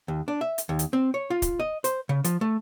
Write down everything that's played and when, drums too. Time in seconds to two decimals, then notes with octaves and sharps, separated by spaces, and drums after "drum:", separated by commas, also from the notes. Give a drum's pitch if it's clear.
0.08 D#2
0.28 D4
0.41 E5
0.58 drum: hi-hat
0.69 D#2
0.79 drum: hi-hat
0.93 C4
1.14 C#5
1.30 F4
1.42 drum: kick, hi-hat
1.60 D#5
1.84 C5, drum: hi-hat
2.09 C#3
2.24 F3, drum: hi-hat
2.41 A3